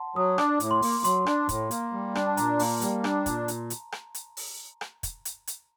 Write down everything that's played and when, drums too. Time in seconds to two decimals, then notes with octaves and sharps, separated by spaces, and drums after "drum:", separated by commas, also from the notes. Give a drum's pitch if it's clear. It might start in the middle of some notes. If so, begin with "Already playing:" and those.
Already playing: F#5 A5 C6
0.16 F#3 D#6
0.38 D4 D6, drum: rim click
0.60 A2, drum: hi-hat
0.71 C6
0.82 A#3, drum: open hi-hat
1.04 F#3 C6, drum: hi-hat
1.26 D4, drum: rim click
1.49 A2, drum: kick, hi-hat
1.71 A#3, drum: hi-hat
1.93 G3
2.15 D4, drum: rim click
2.26 A5
2.37 A#2 A#5, drum: hi-hat
2.59 A#3, drum: open hi-hat
2.81 G3, drum: hi-hat
3.04 D4, drum: rim click
3.26 A#2, drum: kick, hi-hat
3.48 drum: hi-hat
3.70 drum: hi-hat
3.92 drum: rim click
4.15 drum: hi-hat
4.37 drum: open hi-hat
4.81 drum: rim click
5.03 drum: kick, hi-hat
5.25 drum: hi-hat
5.47 drum: hi-hat